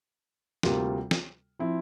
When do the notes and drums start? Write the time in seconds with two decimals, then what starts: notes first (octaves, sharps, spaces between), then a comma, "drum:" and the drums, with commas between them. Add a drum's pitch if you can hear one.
0.63 D2 C3 G3 A#3 F4, drum: snare
1.11 drum: snare
1.59 F3 C4 E4